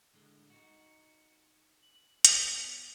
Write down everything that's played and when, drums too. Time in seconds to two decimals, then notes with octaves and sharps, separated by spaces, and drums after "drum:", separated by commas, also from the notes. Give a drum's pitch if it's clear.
0.14 A2 D3 G#3
0.50 D#4 F#4 C#7
1.82 F#7
2.25 B3 A6, drum: hi-hat